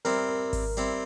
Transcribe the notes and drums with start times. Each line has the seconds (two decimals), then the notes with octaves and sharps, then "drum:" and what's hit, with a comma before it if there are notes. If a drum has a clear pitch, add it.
0.05 G3 C4 E4 A#4
0.53 drum: kick G#1, open hi-hat
0.77 G3 C4 E4